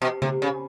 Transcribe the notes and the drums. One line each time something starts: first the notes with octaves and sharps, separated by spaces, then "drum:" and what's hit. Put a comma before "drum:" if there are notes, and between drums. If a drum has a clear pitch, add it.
B2
C3, drum: tom C#3
C#3